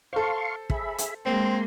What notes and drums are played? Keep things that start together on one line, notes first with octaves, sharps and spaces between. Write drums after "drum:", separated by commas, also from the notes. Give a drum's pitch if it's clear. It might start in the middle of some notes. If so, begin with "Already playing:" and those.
A4 C5 F5 C6 C#6
G#4 E5 B5, drum: kick
drum: hi-hat
G#3 A#3 C4 C6